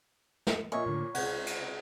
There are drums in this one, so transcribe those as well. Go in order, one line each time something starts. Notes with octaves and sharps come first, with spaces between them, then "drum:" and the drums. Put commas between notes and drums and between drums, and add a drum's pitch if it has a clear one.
drum: snare
A#2 F3 A#3 C#5 D#5 E5 G#5
A2 D3
C#2 C3 F#5, drum: cymbal
drum: cymbal